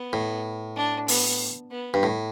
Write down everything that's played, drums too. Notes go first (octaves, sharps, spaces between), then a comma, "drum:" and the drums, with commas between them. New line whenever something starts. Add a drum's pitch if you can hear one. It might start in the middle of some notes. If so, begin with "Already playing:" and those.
Already playing: B3
A2
D4
B3, drum: open hi-hat
B3
G2
A2